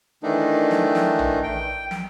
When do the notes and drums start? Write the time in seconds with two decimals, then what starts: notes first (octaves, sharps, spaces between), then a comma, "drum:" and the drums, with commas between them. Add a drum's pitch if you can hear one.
0.23 D#3 E3 A3 D4 D#4
0.71 drum: snare
0.95 drum: snare
1.19 drum: tom A#1
1.43 G5
1.91 drum: snare